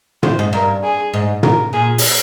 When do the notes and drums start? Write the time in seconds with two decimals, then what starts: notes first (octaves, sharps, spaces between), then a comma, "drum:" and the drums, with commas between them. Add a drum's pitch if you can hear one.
0.23 C3 C5, drum: tom
0.39 G#2
0.53 G2 A#4
0.83 G#4
1.14 G#2
1.43 A#4, drum: tom
1.73 A#2 G#4
1.98 drum: open hi-hat